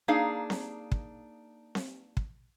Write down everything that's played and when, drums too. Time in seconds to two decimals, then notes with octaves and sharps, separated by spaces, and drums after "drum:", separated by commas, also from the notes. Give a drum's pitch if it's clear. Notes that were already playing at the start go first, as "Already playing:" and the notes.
0.08 A#3 D4 D#4 G#4 F5
0.50 drum: snare C4
0.92 drum: kick
1.75 drum: snare C4
2.17 drum: kick